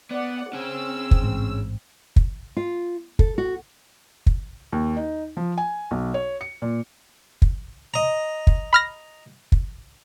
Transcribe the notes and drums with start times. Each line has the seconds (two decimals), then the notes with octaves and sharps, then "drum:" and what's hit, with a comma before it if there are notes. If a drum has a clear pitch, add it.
0.11 B3 D5 F#5
0.53 C4 C#4 G#4 E6
1.11 drum: kick
1.22 A1 G#2
2.16 drum: kick
2.57 F4
3.19 A4, drum: kick
3.38 F#4
4.26 drum: kick
4.72 D#2
4.97 D#4
5.37 F3
5.58 G#5
5.91 B1
6.14 C#5
6.41 C#7
6.62 A#2
7.42 drum: kick
7.94 D#5 A#5
8.47 drum: kick
8.73 B5 F6 A#6
9.52 drum: kick